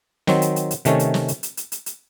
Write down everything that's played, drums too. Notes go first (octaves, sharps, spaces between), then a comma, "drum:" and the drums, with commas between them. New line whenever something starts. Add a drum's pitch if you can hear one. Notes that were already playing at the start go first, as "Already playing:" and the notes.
D#3 F#3 C4, drum: snare
drum: hi-hat
drum: hi-hat
drum: hi-hat
C3 D#3 A3 C#4, drum: hi-hat
drum: hi-hat
drum: snare
drum: hi-hat
drum: hi-hat
drum: hi-hat
drum: hi-hat
drum: hi-hat